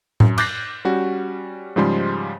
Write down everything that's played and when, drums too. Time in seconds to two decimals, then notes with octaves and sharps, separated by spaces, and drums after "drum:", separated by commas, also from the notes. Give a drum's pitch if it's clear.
0.20 F#2, drum: tom A2
0.38 D6 F#6 G6 A6 A#6 C7, drum: cymbal
0.85 G3 C#4 F#4
1.76 G#2 C#3 F3 G3 G#3 C6